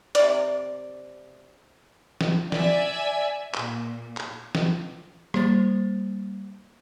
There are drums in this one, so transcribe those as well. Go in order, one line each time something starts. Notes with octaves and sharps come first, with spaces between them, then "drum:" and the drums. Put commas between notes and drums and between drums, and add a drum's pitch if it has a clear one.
C3 D5, drum: hi-hat
drum: snare
D5 E5 G#5, drum: snare
A#2, drum: clap
drum: clap
drum: snare
G3 A#3 C5 A6, drum: rim click